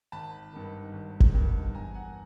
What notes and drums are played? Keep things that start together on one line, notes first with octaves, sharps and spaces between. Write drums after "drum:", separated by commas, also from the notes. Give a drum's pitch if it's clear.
G#1 A5 B5
G2 D#3
G#1
drum: kick G1
G2 D#3
E2 G#5 A#5
F#5 G#5